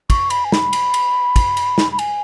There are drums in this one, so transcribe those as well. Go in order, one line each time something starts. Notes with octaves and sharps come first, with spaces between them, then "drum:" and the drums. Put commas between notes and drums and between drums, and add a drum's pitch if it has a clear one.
C#6, drum: kick, cymbal
B5, drum: cymbal
G#5
B5, drum: snare
drum: cymbal
drum: cymbal
drum: kick, cymbal
drum: cymbal
drum: snare
B5
G#5, drum: cymbal